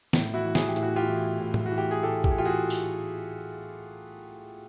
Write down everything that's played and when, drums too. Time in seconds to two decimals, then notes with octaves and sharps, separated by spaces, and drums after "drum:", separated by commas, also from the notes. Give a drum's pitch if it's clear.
0.13 A2, drum: snare
0.34 E4 F#4
0.45 E3
0.55 G#4, drum: snare
0.68 G4
0.76 A2, drum: hi-hat
0.83 F#4
0.96 F4 G4
1.08 E3
1.39 A2
1.54 drum: tom
1.66 F#4
1.71 E3
1.78 G4
1.91 G#4
2.03 A2 G4 A4
2.24 G4, drum: kick A#1
2.31 G#4
2.35 E3 F4 G4
2.45 F#4 G#4
2.70 drum: tambourine